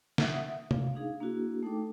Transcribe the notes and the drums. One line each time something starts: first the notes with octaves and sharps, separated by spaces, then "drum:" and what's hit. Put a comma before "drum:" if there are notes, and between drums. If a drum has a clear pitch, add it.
E5 F#5 D#6, drum: snare
F5, drum: tom C3
D4 D#4 G#4 F5
A#3 D4 E4 F#4 G#4
A3 D#4 A4 G5 D6